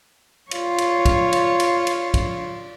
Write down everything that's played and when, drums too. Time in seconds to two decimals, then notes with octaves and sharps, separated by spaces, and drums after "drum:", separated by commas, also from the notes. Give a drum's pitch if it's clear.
0.51 F4 C#5, drum: cymbal
0.78 drum: cymbal
1.05 drum: kick, cymbal
1.33 drum: cymbal
1.60 drum: cymbal
1.87 drum: cymbal
2.14 drum: kick, cymbal